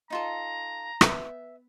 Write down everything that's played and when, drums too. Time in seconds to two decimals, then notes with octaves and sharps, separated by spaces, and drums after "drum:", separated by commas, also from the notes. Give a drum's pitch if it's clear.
0.10 D#4 F4 A4 A#5
1.01 B3 B4 E5 G5, drum: rim click